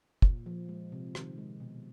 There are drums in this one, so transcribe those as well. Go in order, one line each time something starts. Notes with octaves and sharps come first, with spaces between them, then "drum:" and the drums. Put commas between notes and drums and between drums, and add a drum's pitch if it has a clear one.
A#2, drum: kick
F3
G#3
C3
D#3, drum: rim click
G#3
B2